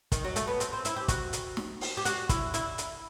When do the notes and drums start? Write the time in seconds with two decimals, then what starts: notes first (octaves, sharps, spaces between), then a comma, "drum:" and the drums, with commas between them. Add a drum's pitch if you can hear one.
0.12 D#3, drum: kick, hi-hat
0.24 F#3
0.36 A3, drum: hi-hat
0.47 B3
0.60 C4, drum: hi-hat
0.73 C4
0.85 E4, drum: hi-hat
0.96 G4
1.08 F#4, drum: kick, hi-hat
1.33 drum: hi-hat
1.57 drum: snare
1.81 drum: open hi-hat
1.97 G4
2.05 F#4, drum: hi-hat
2.29 E4, drum: kick, hi-hat
2.54 E4, drum: hi-hat
2.78 drum: hi-hat